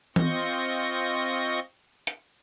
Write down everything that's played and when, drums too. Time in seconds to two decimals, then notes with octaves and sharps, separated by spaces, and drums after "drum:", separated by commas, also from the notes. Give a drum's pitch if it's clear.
0.16 C4 F4 D#5 C#6 G6 A#6, drum: tom E3
2.07 drum: hi-hat